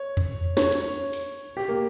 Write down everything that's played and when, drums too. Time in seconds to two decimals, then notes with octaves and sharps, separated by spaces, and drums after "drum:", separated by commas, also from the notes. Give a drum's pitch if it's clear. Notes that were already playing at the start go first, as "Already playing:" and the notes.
Already playing: C#5
0.17 drum: tom E2
0.57 C#5, drum: snare
0.72 drum: hi-hat
1.13 drum: open hi-hat
1.57 G4
1.68 A#3